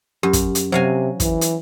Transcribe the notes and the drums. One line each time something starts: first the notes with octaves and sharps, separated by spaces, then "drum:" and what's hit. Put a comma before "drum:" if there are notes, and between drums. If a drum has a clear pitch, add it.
F#2 G4
drum: kick, hi-hat
drum: hi-hat
C3 F#3 C5 E5 F5 G#5
E3, drum: kick, hi-hat
drum: hi-hat